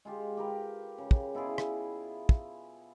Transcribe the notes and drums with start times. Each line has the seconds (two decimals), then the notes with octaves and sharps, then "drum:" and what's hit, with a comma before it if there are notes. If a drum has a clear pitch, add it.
0.05 G#3 F4 G4
0.37 G4 A#4 B4
0.98 C#3
1.11 drum: kick
1.35 B2 E4 F4 G#4
1.58 drum: rim click
2.29 drum: kick